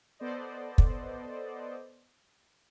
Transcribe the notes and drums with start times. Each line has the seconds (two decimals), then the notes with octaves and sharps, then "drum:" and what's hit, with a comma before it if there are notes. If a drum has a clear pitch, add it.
0.19 B3 A4 C5 D5 D#5
0.78 drum: kick